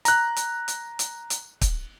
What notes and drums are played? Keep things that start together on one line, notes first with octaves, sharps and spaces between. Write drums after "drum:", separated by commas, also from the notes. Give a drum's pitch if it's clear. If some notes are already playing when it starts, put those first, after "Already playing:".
A#5 F#6, drum: hi-hat
drum: hi-hat
drum: hi-hat
drum: hi-hat
drum: hi-hat
drum: kick, hi-hat